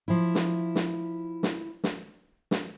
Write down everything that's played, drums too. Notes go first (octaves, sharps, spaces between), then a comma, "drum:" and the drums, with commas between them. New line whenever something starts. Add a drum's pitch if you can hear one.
F3 E4
drum: snare
drum: snare
drum: snare
drum: snare
drum: snare